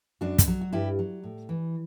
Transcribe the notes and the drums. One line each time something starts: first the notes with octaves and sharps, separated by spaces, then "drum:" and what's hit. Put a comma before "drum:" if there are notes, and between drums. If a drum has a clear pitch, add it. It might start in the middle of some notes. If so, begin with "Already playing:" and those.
F#2 D4 F#4
drum: kick, hi-hat
F#3
F#4
G2 E4 G4
F#3
A2
E3